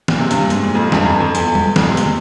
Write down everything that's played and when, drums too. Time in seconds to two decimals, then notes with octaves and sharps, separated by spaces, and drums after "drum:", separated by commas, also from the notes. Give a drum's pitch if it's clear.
0.08 A#2, drum: snare
0.19 C3
0.31 G2 A#2, drum: hi-hat
0.50 G#2, drum: hi-hat
0.63 A#2
0.75 F2 G#2
0.92 E2 G2, drum: snare
1.05 F2
1.20 F2
1.35 E2, drum: hi-hat
1.55 drum: tom G3
1.76 F2, drum: snare
1.86 G#2 C3
1.97 A#2, drum: hi-hat